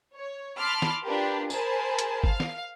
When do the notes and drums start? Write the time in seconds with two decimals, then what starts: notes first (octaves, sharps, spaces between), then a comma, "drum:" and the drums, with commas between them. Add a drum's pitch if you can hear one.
0.16 C#5
0.58 A5 B5 C6 D6 F6
0.82 drum: snare
1.04 D4 F4 G4 A#4 B4
1.50 G#4 A#4 C5 G#5 A5 B5, drum: tambourine
1.99 drum: hi-hat
2.24 F5, drum: kick G1
2.40 drum: snare